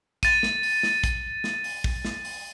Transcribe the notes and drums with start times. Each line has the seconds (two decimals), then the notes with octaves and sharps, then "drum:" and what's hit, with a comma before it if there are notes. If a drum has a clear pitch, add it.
0.23 A6 D#7, drum: kick, hi-hat
0.43 drum: snare
0.63 drum: open hi-hat
0.83 drum: snare
1.04 drum: kick, hi-hat
1.44 drum: snare
1.64 drum: open hi-hat
1.84 drum: kick
2.05 drum: snare
2.25 drum: open hi-hat